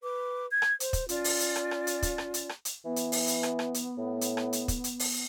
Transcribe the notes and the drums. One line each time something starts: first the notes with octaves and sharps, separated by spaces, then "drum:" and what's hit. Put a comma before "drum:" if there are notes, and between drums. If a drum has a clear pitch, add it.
B4 D6
G#6
drum: rim click
C5, drum: hi-hat
drum: kick, hi-hat
C#4 F4 D5, drum: hi-hat
drum: open hi-hat
drum: hi-hat
drum: rim click
drum: rim click
drum: hi-hat
drum: kick, hi-hat
drum: rim click
drum: hi-hat
drum: rim click
drum: hi-hat
E3 B3
drum: hi-hat
drum: open hi-hat
drum: hi-hat
drum: rim click
drum: rim click
drum: hi-hat
A2
drum: hi-hat
drum: rim click
drum: hi-hat
drum: kick, hi-hat
drum: hi-hat
drum: open hi-hat